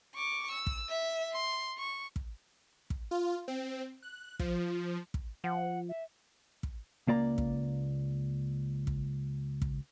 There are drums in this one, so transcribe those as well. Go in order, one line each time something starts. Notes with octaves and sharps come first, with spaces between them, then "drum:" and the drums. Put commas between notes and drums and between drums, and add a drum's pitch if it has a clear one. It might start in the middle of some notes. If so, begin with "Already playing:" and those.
C#6 D6
E6
drum: kick
E5
C6
C#6
drum: kick
drum: kick
F4
C4
F#6
F3, drum: kick
drum: kick
F3 F#5
E5
drum: kick
C#2 A#3 D5 A#5
drum: kick
drum: kick
drum: kick